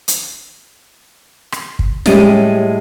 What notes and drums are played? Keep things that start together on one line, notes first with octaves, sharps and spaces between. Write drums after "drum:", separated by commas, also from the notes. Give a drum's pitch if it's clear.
drum: hi-hat
drum: rim click
drum: kick
A2 G3 G#3 C#4 G4 D5, drum: snare